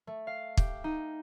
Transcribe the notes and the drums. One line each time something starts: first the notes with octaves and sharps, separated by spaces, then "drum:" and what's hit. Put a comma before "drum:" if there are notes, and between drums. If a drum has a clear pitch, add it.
A3
F5
G4, drum: kick
D#4